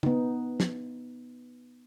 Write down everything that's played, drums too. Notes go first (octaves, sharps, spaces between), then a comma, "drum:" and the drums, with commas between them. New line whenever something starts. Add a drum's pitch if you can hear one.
B3 D#4, drum: tom
drum: snare